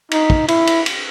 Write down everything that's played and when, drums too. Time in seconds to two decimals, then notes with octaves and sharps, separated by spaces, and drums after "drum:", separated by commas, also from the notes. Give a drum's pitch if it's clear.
0.11 D#4, drum: cymbal
0.30 drum: kick
0.48 E4, drum: cymbal
0.67 drum: cymbal
0.86 drum: cymbal